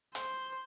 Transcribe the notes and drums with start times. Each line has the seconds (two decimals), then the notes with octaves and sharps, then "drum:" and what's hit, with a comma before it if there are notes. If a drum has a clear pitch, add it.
0.15 C5, drum: hi-hat